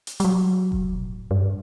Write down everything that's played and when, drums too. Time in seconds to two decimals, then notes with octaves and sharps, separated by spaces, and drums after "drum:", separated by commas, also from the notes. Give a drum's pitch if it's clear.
0.07 drum: hi-hat
0.20 G3, drum: hi-hat
0.25 F#3
0.72 drum: kick F1
0.95 B2
1.04 A2
1.31 G2